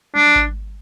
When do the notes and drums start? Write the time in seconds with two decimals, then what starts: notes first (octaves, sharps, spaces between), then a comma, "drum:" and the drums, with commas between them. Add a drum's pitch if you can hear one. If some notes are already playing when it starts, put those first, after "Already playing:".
0.15 D4, drum: tom F#3
0.36 drum: kick G#1